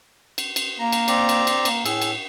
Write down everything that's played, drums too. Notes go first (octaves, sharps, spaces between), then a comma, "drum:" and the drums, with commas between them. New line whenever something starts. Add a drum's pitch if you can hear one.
drum: cymbal
drum: cymbal
A#3 A#5
drum: cymbal
C4 D5 A#5, drum: cymbal
drum: cymbal
drum: cymbal
A#3, drum: cymbal
A2 G#4 E6, drum: cymbal
drum: cymbal